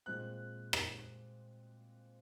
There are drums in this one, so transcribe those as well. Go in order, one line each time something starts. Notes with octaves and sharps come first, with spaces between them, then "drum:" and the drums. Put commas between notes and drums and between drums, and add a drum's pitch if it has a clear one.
A#2 G#3 C4 F#6
drum: rim click